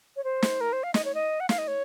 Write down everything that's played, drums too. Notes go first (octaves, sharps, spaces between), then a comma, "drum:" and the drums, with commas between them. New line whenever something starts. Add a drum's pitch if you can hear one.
C#5
C5
drum: snare
A#4
C5
F5
D#5, drum: snare
C#5
D#5
F#5
F5, drum: snare
D#5
C#5